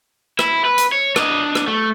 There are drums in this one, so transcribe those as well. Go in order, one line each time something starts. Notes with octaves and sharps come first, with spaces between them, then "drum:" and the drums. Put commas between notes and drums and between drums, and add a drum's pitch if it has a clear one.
E4, drum: rim click
B4
drum: hi-hat
C#5
D4 D#5, drum: rim click
drum: rim click
A3